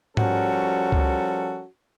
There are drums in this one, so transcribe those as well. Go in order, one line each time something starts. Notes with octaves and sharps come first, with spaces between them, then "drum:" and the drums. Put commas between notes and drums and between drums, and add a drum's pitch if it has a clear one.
F3 G3 C#4 F#4 A4 A#4, drum: tom
drum: kick C#2